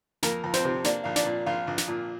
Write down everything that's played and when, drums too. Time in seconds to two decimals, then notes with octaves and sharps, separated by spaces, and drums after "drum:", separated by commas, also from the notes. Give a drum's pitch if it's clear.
0.23 F2 A#3 A#4, drum: snare
0.44 F2
0.54 C4 C5, drum: snare
0.65 C3
0.84 A#3 D4 D5, drum: snare
1.04 A#1 F5
1.16 D4 D5, drum: snare
1.26 A#2
1.46 A#1 F4 F5
1.67 A#1
1.78 drum: snare
1.88 A#2